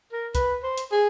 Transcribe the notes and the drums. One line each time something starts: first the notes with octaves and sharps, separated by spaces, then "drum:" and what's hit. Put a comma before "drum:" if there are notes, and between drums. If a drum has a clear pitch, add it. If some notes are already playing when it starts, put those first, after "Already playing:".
A#4
B4, drum: kick C2, hi-hat
C5
drum: hi-hat
G#4